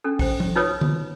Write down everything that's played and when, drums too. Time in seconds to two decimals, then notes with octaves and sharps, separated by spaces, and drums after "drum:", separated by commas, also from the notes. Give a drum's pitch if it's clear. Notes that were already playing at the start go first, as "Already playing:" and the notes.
0.04 C#4 D4 A4
0.19 C5 G5, drum: kick, open hi-hat
0.40 drum: tom
0.56 D#4 F4 B4 C#5 D#6
0.81 drum: tom D3